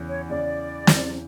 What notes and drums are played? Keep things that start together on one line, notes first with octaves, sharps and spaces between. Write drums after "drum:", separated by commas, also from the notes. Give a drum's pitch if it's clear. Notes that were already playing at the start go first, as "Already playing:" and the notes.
Already playing: E2 C#3 E3
C#5
E2 C#3 E3 D5
E2 C#3 E3, drum: snare